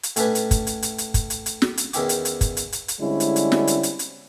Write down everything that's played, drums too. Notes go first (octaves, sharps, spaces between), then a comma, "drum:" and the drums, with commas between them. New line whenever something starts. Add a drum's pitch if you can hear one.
drum: hi-hat
A2 A3 C#4 D4 B4 G#5, drum: hi-hat
drum: hi-hat
drum: kick, hi-hat
drum: hi-hat
drum: hi-hat
drum: hi-hat
drum: kick, hi-hat
drum: hi-hat
drum: hi-hat
drum: snare
drum: hi-hat
E2 D#3 C#4 E4 G5 D6, drum: hi-hat
drum: hi-hat
drum: hi-hat
drum: kick, hi-hat
drum: hi-hat
drum: hi-hat
drum: hi-hat
D3 G3 G#3 C4 C#4 E4
drum: hi-hat
drum: hi-hat
drum: snare
drum: hi-hat
drum: hi-hat
drum: hi-hat